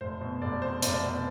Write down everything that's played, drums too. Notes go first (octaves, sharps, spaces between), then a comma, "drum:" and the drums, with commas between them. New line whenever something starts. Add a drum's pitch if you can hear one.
F1 C5
B2
F1 D5
E2 C5
F1 D5, drum: hi-hat
B2